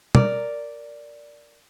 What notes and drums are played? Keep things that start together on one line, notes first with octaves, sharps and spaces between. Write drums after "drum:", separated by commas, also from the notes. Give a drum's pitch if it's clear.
A#4 D5, drum: tom